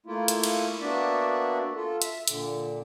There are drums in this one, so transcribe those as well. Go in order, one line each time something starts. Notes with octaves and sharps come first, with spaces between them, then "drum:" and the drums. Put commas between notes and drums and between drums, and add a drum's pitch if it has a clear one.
A3 A#3 E4 F4
drum: hi-hat
drum: cymbal
A#3 B3 D4 F#4 D5 E5
F4 A4
E5, drum: hi-hat
A#2 D3, drum: hi-hat